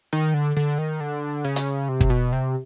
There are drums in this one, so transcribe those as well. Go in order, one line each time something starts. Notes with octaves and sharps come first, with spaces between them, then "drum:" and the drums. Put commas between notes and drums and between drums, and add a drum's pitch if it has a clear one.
D#3
D3
D3
D#3
D3
C#3
drum: hi-hat
C3
drum: kick
B2
C3